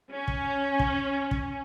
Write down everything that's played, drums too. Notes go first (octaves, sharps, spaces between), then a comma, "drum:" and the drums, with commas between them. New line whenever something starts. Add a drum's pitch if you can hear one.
C#4
drum: kick
drum: kick
drum: kick